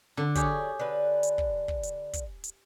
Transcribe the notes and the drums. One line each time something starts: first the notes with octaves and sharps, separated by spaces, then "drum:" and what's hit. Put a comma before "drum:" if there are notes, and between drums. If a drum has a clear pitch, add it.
D3
F#3 G4 G#4 C#5 D5, drum: kick, hi-hat
D3 B4
drum: hi-hat
drum: kick
drum: kick
drum: hi-hat
drum: kick, hi-hat
drum: hi-hat